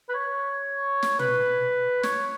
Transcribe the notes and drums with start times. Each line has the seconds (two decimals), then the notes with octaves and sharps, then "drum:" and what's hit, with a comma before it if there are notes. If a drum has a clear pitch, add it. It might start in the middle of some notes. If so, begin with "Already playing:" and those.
0.09 B4
0.14 C#5
1.03 drum: snare
1.19 B4, drum: tom
2.03 C#5, drum: snare